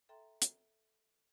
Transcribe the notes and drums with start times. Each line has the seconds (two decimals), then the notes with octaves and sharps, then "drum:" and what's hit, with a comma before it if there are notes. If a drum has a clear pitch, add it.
0.09 A4 E5 G5 A#5 C6
0.42 drum: hi-hat